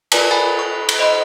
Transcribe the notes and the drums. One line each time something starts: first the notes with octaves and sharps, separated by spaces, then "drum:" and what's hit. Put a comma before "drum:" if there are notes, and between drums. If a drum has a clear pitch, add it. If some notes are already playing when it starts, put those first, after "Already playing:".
F4 A#4 B4 D5 G#5 A5, drum: cymbal
G5 G#5 B5 A6
C#6
drum: cymbal
C5 D#5 B5 C6